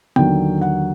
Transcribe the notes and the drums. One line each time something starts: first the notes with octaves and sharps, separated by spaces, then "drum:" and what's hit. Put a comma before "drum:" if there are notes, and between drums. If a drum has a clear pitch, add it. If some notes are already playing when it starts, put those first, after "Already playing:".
D#2 D3 F#3 G5, drum: tom B3
F#5